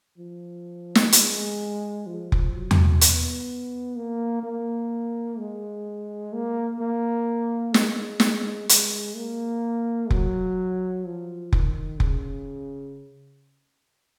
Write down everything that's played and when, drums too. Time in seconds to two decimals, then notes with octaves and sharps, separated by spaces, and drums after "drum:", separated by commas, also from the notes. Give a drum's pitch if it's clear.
0.18 F3
0.95 drum: snare
1.12 G#3, drum: hi-hat
2.07 F3
2.32 drum: kick F1
2.54 F#3
2.71 drum: tom E2
3.01 B3, drum: hi-hat
3.96 A#3
4.43 A#3
5.38 G#3
6.33 A#3
6.80 A#3
7.74 G#3, drum: snare
8.20 drum: snare
8.69 G#3, drum: hi-hat
9.16 A#3
10.10 F#3, drum: kick F1
11.06 F3
11.53 D#3, drum: kick F1
12.00 C#3, drum: kick F1